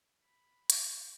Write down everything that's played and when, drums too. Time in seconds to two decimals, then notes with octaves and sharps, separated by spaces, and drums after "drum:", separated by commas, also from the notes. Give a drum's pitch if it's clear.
0.23 B5
0.70 drum: hi-hat